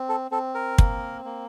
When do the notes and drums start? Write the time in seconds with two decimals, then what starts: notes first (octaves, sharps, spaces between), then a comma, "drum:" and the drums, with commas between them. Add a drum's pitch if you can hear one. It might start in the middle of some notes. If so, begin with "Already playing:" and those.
Already playing: C4
0.09 A4
0.31 C4 A4
0.55 A#4
0.78 A#3, drum: kick
1.25 A#3